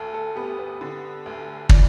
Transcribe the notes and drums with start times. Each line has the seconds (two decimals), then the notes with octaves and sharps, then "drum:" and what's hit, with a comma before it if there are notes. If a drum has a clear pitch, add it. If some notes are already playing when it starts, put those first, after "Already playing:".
Already playing: D2 A4
0.14 A4
0.35 B3 G4
0.59 B4
0.81 D3
1.26 D2
1.69 E3 D5, drum: kick